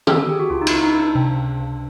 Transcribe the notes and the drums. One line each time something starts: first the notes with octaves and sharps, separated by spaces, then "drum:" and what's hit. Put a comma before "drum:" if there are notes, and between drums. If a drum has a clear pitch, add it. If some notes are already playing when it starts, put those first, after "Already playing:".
A4, drum: tom D#3
G#4
G4
F#4
C#2 F4
D#4
E4, drum: cymbal
C#2
D#4
C#2
D4
C3
C#2
C#2